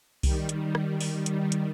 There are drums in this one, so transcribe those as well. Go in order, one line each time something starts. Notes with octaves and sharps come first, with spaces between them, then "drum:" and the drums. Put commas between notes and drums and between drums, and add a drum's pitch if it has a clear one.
D#3 G3, drum: kick C2, open hi-hat
drum: hi-hat
drum: rim click
drum: open hi-hat
drum: hi-hat
drum: hi-hat